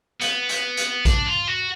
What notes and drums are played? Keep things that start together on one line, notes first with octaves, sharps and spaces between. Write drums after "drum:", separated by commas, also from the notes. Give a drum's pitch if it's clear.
B3, drum: hi-hat
drum: hi-hat
drum: hi-hat
D4, drum: kick A#1, hi-hat
F4
F#4